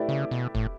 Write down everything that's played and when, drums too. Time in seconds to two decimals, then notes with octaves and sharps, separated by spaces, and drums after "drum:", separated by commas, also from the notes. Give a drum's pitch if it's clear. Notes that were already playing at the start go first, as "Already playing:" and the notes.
Already playing: A3 E4 G4 B4 D5
0.09 C#3
0.31 B2
0.55 A2, drum: kick